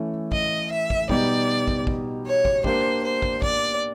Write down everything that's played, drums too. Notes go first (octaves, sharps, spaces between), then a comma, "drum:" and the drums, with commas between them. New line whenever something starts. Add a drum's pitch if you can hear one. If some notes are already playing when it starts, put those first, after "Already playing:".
Already playing: E3 A3 C#4
D#5, drum: kick
E5
drum: kick
B2 G3 B3 D#4 G4 D5, drum: kick
drum: kick
drum: kick
C#5
drum: kick
A#3 D4 G4 C5, drum: kick
C5
drum: kick
D5, drum: kick